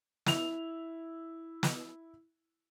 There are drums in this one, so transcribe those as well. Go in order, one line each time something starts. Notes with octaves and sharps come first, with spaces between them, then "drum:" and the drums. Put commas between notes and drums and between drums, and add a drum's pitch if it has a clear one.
E4 F7, drum: snare
drum: snare